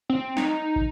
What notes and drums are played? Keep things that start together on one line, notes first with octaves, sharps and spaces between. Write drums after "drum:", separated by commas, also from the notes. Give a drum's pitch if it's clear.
C4
D#4, drum: snare
drum: kick